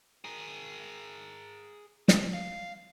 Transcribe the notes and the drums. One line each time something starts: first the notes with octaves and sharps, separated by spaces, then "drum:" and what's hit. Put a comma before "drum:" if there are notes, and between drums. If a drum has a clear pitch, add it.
G#4 A#4
C#4 C5, drum: snare
F5